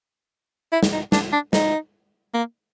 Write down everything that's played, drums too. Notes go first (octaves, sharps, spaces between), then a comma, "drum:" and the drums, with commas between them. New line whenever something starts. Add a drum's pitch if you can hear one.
E4
drum: snare
D#4
D4, drum: snare
D4
D#4, drum: snare
A#3